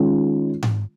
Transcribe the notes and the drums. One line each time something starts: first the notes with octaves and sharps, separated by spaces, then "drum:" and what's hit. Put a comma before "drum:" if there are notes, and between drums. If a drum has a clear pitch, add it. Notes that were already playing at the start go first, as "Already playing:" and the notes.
Already playing: D#3 G#3 C#4 F4
drum: tom G#2